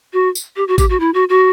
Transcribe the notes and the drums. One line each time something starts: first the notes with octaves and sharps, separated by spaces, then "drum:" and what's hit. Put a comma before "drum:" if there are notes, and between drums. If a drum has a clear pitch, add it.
F#4
drum: tambourine
G4
F#4
G4, drum: kick G#1, tambourine
F#4
E4
F#4
F#4